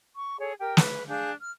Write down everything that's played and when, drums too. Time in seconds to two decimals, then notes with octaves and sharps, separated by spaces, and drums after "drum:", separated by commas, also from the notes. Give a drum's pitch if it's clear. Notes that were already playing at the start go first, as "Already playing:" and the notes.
0.17 C#6
0.39 G#4 A4 C#5
0.60 G4 A#4 G5
0.77 B4, drum: snare
1.09 D4 G#4 F5 G6
1.39 F6